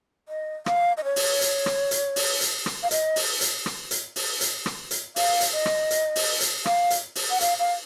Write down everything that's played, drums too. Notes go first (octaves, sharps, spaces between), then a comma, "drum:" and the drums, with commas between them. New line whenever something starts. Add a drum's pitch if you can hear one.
D#5
F5, drum: rim click
D#5
C#5
drum: open hi-hat
drum: hi-hat
drum: rim click
drum: hi-hat
drum: open hi-hat
drum: hi-hat
drum: rim click
F5
D#5, drum: hi-hat
drum: open hi-hat
drum: hi-hat
drum: rim click
drum: hi-hat
drum: open hi-hat
drum: hi-hat
drum: rim click
drum: hi-hat
F5, drum: open hi-hat
drum: hi-hat
D#5
drum: rim click
drum: hi-hat
drum: open hi-hat
drum: hi-hat
F5, drum: rim click
drum: hi-hat
drum: open hi-hat
F#5
F5, drum: hi-hat
F5